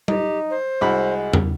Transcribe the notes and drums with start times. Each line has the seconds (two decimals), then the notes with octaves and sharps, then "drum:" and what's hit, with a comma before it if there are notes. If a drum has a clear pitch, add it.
0.08 D#4 G4, drum: tom G3
0.50 C5
0.81 C2 G#3 F#4 B5
1.33 drum: tom E2